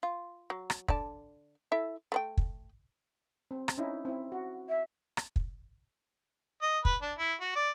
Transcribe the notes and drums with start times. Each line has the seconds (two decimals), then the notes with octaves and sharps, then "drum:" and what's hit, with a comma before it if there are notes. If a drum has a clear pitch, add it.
0.03 F4
0.50 F#3
0.70 drum: rim click
0.88 D3 D5 A5, drum: kick
1.72 E4 A4 E5
2.12 A3 C5 G5
2.37 drum: kick
3.51 C4
3.68 drum: rim click
3.78 C#4 D#4 E4
4.05 C4 E4
4.32 F#4
4.69 E5
5.17 drum: rim click
5.36 drum: kick
6.62 D#5
6.85 B4, drum: kick
7.02 D4
7.18 E4
7.41 F#4
7.56 D5